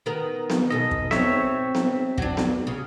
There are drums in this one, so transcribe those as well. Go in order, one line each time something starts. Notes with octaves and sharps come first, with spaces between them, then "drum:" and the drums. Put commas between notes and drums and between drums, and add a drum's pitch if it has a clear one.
D#3 B3 A#4
drum: snare B3
G#2 B2 A4 D#5
drum: kick
C4 C#5 E5, drum: snare B3
drum: snare B3
F#3 D4, drum: kick
drum: snare B3
C#3